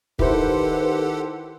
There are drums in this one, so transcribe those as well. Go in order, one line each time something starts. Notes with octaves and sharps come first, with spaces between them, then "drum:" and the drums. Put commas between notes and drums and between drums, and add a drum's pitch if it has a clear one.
D#3 E4 G4 A4 B4 C5 F#5, drum: kick